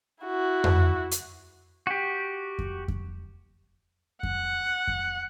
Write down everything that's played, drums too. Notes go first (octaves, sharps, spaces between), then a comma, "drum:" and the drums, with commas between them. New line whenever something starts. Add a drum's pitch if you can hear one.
E4 F#4
drum: tom F2
drum: hi-hat
F#4 G4
drum: kick F2
drum: kick F2
F#5, drum: kick F2
drum: kick F2